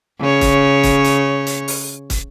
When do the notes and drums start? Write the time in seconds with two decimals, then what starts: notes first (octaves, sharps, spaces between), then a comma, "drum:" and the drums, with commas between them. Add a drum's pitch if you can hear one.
0.20 C#3 C#5
0.41 drum: kick, hi-hat
0.83 drum: kick, hi-hat
1.04 drum: hi-hat
1.47 drum: hi-hat
1.68 drum: open hi-hat
2.10 drum: kick, hi-hat